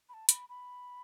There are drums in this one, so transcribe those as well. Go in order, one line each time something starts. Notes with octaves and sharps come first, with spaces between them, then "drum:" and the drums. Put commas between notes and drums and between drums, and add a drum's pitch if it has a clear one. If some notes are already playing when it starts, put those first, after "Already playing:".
B5
A5
B5, drum: hi-hat
B5